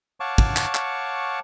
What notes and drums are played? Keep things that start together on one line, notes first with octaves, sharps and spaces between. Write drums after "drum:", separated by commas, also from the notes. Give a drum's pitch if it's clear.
C#5 F5 F#5 A5 C#6 D6
drum: kick
drum: clap
drum: clap